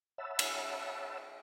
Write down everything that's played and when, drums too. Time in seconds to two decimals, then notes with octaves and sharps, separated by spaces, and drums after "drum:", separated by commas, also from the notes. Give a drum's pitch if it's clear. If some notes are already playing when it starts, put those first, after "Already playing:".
0.18 C#5 E5 F#5 A5 B5 E6
0.39 drum: cymbal